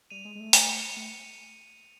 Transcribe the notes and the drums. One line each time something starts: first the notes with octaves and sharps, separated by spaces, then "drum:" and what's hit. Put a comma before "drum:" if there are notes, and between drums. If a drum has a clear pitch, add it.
G3 D#7 F7
G#3
G#3
A3
C#7 D#7, drum: open hi-hat
A3